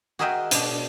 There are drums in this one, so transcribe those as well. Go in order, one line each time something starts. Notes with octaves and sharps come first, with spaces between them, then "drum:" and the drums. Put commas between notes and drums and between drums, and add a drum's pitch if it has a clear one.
F#4 G#4 A#4 D#5 E5 G5
B2 D4, drum: hi-hat